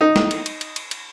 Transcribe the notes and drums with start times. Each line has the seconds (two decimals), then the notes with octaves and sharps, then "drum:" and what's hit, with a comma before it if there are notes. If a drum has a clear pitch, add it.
0.01 D#4
0.16 drum: snare
0.31 drum: cymbal
0.46 drum: cymbal
0.61 drum: cymbal
0.76 drum: cymbal
0.91 drum: cymbal